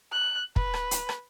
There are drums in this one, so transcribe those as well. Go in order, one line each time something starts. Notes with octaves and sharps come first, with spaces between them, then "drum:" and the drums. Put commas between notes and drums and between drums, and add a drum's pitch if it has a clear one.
F#6
B4, drum: kick
drum: rim click
drum: hi-hat
drum: rim click